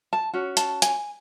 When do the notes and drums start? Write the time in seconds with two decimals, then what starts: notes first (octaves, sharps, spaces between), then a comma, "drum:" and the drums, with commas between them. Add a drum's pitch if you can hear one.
0.13 A5
0.33 C#4 F#4
0.57 A5, drum: hi-hat
0.82 G#5, drum: hi-hat